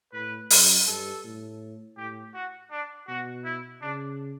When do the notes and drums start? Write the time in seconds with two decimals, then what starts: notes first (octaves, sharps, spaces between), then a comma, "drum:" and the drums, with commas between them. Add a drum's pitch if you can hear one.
0.13 A2 B4
0.50 F#2, drum: open hi-hat
0.86 G2 A4
1.24 A2
1.97 A2 G4
2.34 F#4
2.71 D4
3.08 B2 F#4
3.45 E4
3.82 C#3 D4